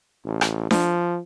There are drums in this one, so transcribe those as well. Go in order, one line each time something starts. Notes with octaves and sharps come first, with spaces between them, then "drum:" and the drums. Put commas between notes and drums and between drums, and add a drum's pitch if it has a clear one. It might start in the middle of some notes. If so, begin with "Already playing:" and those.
A1
drum: rim click
F3, drum: snare D4